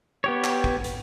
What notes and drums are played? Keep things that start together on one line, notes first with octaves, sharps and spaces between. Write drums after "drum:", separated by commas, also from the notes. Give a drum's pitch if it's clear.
B3 G4 C#5
drum: clap
drum: kick
drum: hi-hat